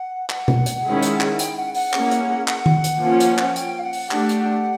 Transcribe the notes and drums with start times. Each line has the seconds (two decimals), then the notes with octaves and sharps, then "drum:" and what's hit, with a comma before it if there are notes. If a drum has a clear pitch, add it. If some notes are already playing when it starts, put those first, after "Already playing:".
Already playing: F#5
0.30 F#5, drum: clap
0.48 drum: tom B2
0.66 drum: hi-hat
0.84 D#3 G#3 C#4 E4 G#4
1.02 drum: hi-hat
1.21 drum: clap
1.39 G5, drum: hi-hat
1.57 F#5
1.74 F#5, drum: open hi-hat
1.93 A#3 C#4 E4 G#4, drum: clap
2.11 drum: hi-hat
2.48 F#5, drum: clap
2.66 drum: tom D#3
2.84 drum: hi-hat
3.02 F3 A#3 C#4
3.20 drum: hi-hat
3.38 drum: clap
3.56 G5, drum: hi-hat
3.79 F5
3.83 F#5
3.93 drum: open hi-hat
4.11 A3 D4 G4 F#5, drum: clap
4.29 drum: hi-hat